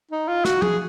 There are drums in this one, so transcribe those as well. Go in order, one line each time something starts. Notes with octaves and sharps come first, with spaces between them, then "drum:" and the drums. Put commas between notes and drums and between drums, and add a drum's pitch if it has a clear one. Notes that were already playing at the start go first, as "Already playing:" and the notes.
D#4
F4
F#4, drum: snare
G#4, drum: tom F3